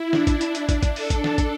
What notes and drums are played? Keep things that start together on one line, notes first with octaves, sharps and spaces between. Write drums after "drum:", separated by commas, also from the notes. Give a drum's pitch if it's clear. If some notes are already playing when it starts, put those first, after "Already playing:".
Already playing: E4
D4, drum: snare
drum: kick, hi-hat
drum: hi-hat
drum: hi-hat
drum: kick, hi-hat
drum: kick, hi-hat
A4, drum: open hi-hat
drum: kick, hi-hat
drum: snare
drum: kick, hi-hat